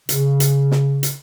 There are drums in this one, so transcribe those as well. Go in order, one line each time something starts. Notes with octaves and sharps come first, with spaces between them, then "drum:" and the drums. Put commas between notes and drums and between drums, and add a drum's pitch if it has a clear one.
C#3, drum: hi-hat
drum: hi-hat
drum: snare
drum: hi-hat